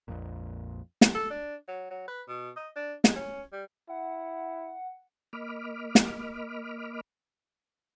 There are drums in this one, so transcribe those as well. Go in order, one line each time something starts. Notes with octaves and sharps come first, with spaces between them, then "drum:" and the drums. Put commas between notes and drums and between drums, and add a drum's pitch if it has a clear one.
A#1 F2 A#2
drum: snare
A4
D4
F#3
F#3
B4
B2
D#5
D4
G#3, drum: snare
C#4
G3
E4 F#5
A#3 D#5 B5 D6 F6
drum: snare